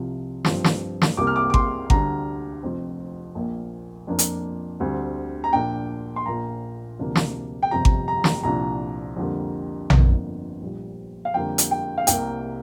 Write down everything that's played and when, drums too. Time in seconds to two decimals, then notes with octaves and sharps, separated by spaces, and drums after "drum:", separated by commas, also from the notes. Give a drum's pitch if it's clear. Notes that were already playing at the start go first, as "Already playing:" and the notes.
Already playing: C2 C3 F3
0.45 G2 F3 C4, drum: snare
0.64 drum: snare
1.02 drum: snare
1.17 C2 C3 G3 A#3 D6
1.27 F6
1.36 D6
1.50 D6
1.54 C6, drum: kick G#1
1.90 D2 D3 G3 D4 A#5, drum: kick G#1
2.63 F1 F2 F3 C4
3.35 A#1 A#2 A#3
4.07 F2 F3 A#3 D4
4.19 drum: hi-hat
4.80 D2 D3 G3 C4
5.44 A#5
5.53 A#1 A#2 A#3 D4 G5
6.16 C6
6.26 A#1 A#2 F3 A#3 A#5
6.99 D2 C3 F3 A#3 D4
7.15 drum: snare
7.63 G5
7.71 G1 F2 C3 G3 A#5
7.85 drum: kick G#1
8.08 A#5
8.24 drum: snare
8.43 C2 A#2 F3 D4 A#5
9.17 F2 D3 G3 A#3
9.90 G1 F2 D3 A#3, drum: tom A#1
10.62 A#1 A#2 G3
11.25 F5
11.34 F2 D3 G3 A#3 G5
11.58 drum: hi-hat
11.71 G5
11.98 F5
12.07 C2 C3 A#3 G5, drum: hi-hat